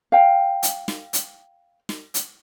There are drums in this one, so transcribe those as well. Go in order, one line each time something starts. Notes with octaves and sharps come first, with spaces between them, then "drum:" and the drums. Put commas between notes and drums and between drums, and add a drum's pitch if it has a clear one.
F5 G5
drum: hi-hat
drum: snare
drum: hi-hat
drum: snare
drum: hi-hat